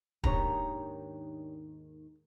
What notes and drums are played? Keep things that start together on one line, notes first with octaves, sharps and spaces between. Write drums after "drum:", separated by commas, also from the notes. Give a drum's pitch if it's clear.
D#2 G#2 D#3 D4 G4 C#5 A#5, drum: kick